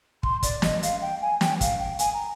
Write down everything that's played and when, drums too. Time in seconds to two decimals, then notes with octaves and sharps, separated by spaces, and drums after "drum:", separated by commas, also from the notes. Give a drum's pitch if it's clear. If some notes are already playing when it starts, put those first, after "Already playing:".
0.23 C6, drum: kick
0.43 D5, drum: kick, hi-hat
0.62 D#5, drum: snare
0.83 F5, drum: hi-hat
1.01 G5
1.21 G#5
1.41 G5, drum: snare
1.61 F5, drum: kick, hi-hat
1.79 G5
1.99 G#5, drum: hi-hat
2.14 A#5